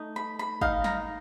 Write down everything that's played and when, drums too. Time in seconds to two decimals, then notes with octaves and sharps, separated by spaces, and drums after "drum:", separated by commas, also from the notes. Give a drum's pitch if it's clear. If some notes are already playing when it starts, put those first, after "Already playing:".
Already playing: A3 D#4
0.16 B5
0.39 B5
0.61 D#4 F5, drum: kick
0.84 A#5, drum: snare